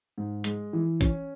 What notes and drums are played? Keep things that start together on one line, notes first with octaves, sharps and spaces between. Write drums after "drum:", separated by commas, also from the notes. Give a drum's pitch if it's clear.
G#2
G#3, drum: hi-hat
E3
C#4, drum: kick A1, hi-hat